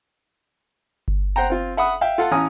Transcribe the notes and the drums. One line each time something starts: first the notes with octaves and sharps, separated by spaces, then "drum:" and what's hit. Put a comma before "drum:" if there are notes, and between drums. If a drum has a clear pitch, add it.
drum: kick G1
C5 F#5 G5 A#5
C4 F4
E5 F#5 B5 D#6
E5 F5 G5
F4 A4 F5 F#5
A1 C#4 G#5 A#5 D#6